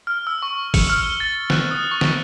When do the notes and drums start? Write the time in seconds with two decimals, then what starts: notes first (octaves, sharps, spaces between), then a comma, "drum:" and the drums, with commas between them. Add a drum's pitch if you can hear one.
0.07 F6
0.27 E6
0.42 C#6
0.74 C#7, drum: kick, open hi-hat
0.90 F6
1.04 G7
1.20 A6
1.50 F#6, drum: snare
1.71 D#6
1.91 C#6
2.01 drum: snare